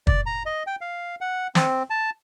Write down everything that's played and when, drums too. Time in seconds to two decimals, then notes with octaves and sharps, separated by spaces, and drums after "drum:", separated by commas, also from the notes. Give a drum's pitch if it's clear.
0.07 D5, drum: kick
0.26 A#5
0.46 D#5
0.67 G5
0.81 F5
1.21 F#5
1.55 C4, drum: snare
1.90 A5